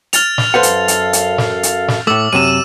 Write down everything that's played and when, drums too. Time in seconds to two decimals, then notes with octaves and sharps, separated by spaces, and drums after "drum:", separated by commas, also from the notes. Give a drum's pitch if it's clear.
0.13 F6 A6 F7, drum: hi-hat
0.38 drum: snare
0.54 F#2 A4 B4 C5 F5 F#5
0.63 drum: hi-hat
0.88 drum: hi-hat
1.13 drum: hi-hat
1.38 drum: snare
1.63 drum: hi-hat
1.88 drum: snare
2.07 A2 A3 D6 E6
2.33 F#2 C3 D#7 E7